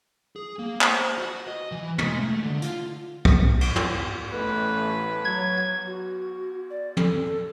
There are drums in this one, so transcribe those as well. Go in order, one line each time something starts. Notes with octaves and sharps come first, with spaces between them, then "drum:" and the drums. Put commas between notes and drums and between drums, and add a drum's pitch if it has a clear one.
G#4
A#3
C5, drum: clap
F#4
D#5
E3
G#3, drum: tom
A3
D3
F4, drum: hi-hat
drum: kick
drum: cymbal
drum: tom
A1 A3 B4
F#3 G#6
F#4
D5
A4, drum: tom